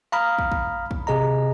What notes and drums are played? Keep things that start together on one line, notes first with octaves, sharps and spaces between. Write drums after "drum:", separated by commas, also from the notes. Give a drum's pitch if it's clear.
F5 A#5 B5 D#6 F6
drum: kick
drum: kick
drum: kick
C3 G#4 D#5 A#5